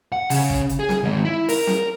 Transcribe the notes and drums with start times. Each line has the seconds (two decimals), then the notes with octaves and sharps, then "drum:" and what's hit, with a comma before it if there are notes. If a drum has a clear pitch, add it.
0.12 F#5
0.30 C#3, drum: open hi-hat
0.50 drum: kick
0.69 drum: hi-hat
0.80 G#4
0.89 drum: snare
1.03 D#3 G#3
1.25 E4
1.49 A#4, drum: open hi-hat
1.67 drum: snare